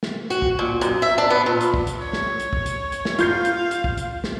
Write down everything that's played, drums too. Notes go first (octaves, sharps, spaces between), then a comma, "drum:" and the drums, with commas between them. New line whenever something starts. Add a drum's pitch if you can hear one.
drum: snare
F#4, drum: hi-hat
drum: kick
A#2
F#2, drum: hi-hat
E5
D4
B3
A#2
drum: hi-hat
drum: kick
drum: hi-hat
C#5
drum: snare
drum: hi-hat
drum: kick
drum: hi-hat
drum: hi-hat
drum: snare
F4 F5 G6 C7, drum: hi-hat
drum: hi-hat
drum: hi-hat
drum: kick
drum: hi-hat
drum: snare